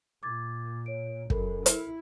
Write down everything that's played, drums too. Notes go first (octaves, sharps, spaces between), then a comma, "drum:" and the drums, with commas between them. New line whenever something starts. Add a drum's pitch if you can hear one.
A#2 D6 G#6 A6
C#5 D7
F#2 A4 A#4 B5, drum: kick
E4, drum: hi-hat